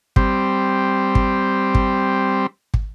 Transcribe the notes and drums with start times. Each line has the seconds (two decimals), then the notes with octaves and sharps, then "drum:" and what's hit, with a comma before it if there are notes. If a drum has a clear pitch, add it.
0.16 G3 C4, drum: kick
1.15 drum: kick
1.75 drum: kick
2.74 drum: kick